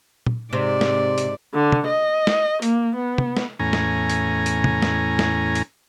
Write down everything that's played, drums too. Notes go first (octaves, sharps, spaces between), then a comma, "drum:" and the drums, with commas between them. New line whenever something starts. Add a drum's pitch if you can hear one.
drum: tom
G#2 C3 D5
drum: snare
drum: hi-hat
D3
drum: tom
D#5
drum: snare
A#3, drum: hi-hat
B3
drum: tom
drum: snare
E2 A2 C#4 G#5 A#5
drum: snare
drum: hi-hat
drum: hi-hat
drum: tom
drum: snare
drum: snare
drum: hi-hat